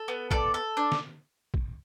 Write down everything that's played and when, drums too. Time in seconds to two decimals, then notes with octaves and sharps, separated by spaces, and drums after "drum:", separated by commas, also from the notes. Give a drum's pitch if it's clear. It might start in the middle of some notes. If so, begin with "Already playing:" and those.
Already playing: A4
0.08 B3
0.31 A4 D5, drum: kick
0.54 A4
0.77 D4
0.92 drum: snare
1.54 drum: kick